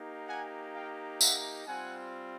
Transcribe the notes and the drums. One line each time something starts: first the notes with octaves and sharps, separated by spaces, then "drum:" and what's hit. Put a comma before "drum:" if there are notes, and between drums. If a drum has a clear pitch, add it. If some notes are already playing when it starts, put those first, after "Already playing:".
Already playing: A#3 D#4 G4
F#5 G#5
F5 G5
E5 F#5, drum: tambourine
G3 C4 F4 F#5 G#5